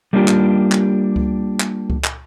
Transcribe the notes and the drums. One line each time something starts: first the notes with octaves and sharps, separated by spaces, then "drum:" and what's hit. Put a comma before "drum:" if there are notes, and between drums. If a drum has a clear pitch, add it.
G3 A3 A#3 D4 F4 G4
drum: clap
drum: clap
drum: kick C#2
drum: clap
drum: kick C#2
drum: clap